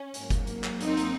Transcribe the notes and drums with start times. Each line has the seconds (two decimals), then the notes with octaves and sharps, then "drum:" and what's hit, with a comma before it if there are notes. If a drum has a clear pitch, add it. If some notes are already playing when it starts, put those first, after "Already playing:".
Already playing: C#4
0.14 G#2 F#3 A#3, drum: hi-hat
0.30 drum: kick F#1, hi-hat
0.47 drum: hi-hat
0.64 drum: clap
0.81 C4 D#4, drum: hi-hat
0.97 drum: hi-hat